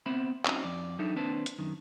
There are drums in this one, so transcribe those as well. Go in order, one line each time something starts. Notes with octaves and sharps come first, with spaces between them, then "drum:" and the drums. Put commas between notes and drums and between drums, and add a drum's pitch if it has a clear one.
B3 C4 C5 E5 B5
F#3 G#3 C4 C#4 D#4 E4, drum: clap
F2 D5
F#3 D4 D#4 A4 E5
D#2 C4 D4 B4 C5 A5
drum: hi-hat
F#2 D#3